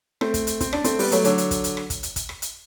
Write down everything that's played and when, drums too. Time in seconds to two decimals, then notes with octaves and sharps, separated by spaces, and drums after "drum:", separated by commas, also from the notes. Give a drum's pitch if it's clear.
0.21 A3 C4, drum: rim click
0.34 drum: kick, hi-hat
0.47 drum: hi-hat
0.60 C4, drum: kick, hi-hat
0.73 D4, drum: rim click
0.84 A3 C4, drum: hi-hat
0.99 G3 B3, drum: open hi-hat
1.11 F#3 A3, drum: hi-hat
1.24 D3 F#3, drum: hi-hat
1.38 drum: hi-hat
1.51 drum: kick, hi-hat
1.64 drum: hi-hat
1.77 drum: rim click
1.90 drum: kick, hi-hat
2.03 drum: hi-hat
2.16 drum: kick, hi-hat
2.29 drum: rim click
2.42 drum: hi-hat